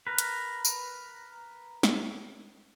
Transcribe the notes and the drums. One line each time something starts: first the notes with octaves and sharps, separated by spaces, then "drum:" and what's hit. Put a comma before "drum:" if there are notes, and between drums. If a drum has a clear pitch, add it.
A#4 B4
drum: hi-hat
drum: tambourine
drum: snare